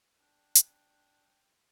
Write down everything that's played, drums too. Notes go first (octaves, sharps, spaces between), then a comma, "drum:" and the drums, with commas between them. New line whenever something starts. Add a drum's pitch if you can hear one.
D4 G5
drum: hi-hat